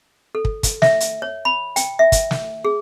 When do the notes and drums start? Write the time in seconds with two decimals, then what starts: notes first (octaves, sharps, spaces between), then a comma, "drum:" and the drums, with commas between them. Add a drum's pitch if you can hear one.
0.35 A4
0.45 drum: kick
0.63 drum: kick, hi-hat
0.82 E5, drum: snare
1.00 drum: hi-hat
1.22 C#5
1.45 B5
1.76 G5, drum: hi-hat
1.99 E5
2.12 drum: kick, hi-hat
2.31 drum: snare
2.65 G#4